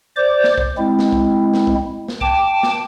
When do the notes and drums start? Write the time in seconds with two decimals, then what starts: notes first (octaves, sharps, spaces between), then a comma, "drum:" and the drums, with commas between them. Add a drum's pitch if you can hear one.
0.16 C5 D5 D6
0.44 drum: snare
0.58 drum: kick
0.78 G#3 C4 E4
0.99 drum: snare
1.12 drum: kick
1.54 drum: snare
1.67 drum: kick
2.08 drum: snare
2.21 G5 A5 D6, drum: kick
2.63 drum: snare